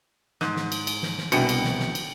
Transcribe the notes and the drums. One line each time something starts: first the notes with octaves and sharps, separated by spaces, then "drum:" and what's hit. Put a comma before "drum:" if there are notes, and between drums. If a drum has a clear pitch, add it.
G#2, drum: snare
drum: snare
drum: cymbal
drum: cymbal
drum: snare
drum: snare
C2 F#2 B2 D4 G5 C#7, drum: cymbal
drum: cymbal
drum: snare
drum: snare
drum: cymbal